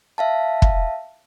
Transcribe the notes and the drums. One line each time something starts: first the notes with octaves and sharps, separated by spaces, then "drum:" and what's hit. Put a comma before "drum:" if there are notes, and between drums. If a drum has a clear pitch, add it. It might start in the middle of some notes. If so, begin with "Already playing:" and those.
E5 F5 A5
drum: kick